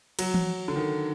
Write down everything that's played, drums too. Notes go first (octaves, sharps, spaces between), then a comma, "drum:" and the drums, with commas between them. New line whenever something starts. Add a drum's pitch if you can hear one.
F#3, drum: cymbal
drum: tom E3
D3
D#3